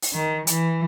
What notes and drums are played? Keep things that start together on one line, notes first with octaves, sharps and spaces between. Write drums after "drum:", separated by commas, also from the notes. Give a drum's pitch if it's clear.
drum: open hi-hat
D#3
E3, drum: hi-hat